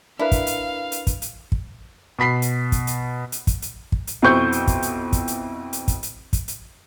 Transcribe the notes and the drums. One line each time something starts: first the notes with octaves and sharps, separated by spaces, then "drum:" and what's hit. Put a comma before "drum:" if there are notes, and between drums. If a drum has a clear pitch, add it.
D4 E4 A#4 B4 F5
drum: kick, hi-hat
drum: hi-hat
drum: hi-hat
drum: kick, hi-hat
drum: hi-hat
drum: kick
B2 B5 B6 C7
drum: hi-hat
drum: kick, hi-hat
drum: hi-hat
drum: hi-hat
drum: kick, hi-hat
drum: hi-hat
drum: kick
drum: hi-hat
F2 B2 E4 C5 C#6 G6
drum: hi-hat
drum: kick, hi-hat
drum: hi-hat
drum: kick, hi-hat
drum: hi-hat
drum: hi-hat
drum: kick, hi-hat
drum: hi-hat
drum: kick, hi-hat
drum: hi-hat